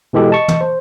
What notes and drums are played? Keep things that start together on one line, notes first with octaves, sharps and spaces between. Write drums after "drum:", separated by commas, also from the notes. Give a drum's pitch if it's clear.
B2 E3 G#3 G4 A4
D#5 A5 C#6
drum: tom
C5